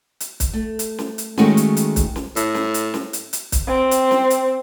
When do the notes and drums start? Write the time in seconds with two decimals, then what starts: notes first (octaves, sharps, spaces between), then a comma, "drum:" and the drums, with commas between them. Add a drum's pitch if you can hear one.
0.20 drum: hi-hat
0.40 drum: kick, hi-hat
0.53 A3
0.79 drum: hi-hat
0.99 drum: snare
1.18 drum: hi-hat
1.38 D#3 G#3 A3 C#4 F#4 G#4, drum: snare
1.57 drum: hi-hat
1.77 drum: hi-hat
1.96 drum: kick, hi-hat
2.16 drum: snare
2.36 A2, drum: hi-hat
2.55 drum: snare
2.74 drum: hi-hat
2.94 drum: snare
3.13 drum: hi-hat
3.33 drum: hi-hat
3.52 drum: kick, hi-hat
3.67 C4
3.91 drum: hi-hat
4.11 drum: snare
4.30 drum: hi-hat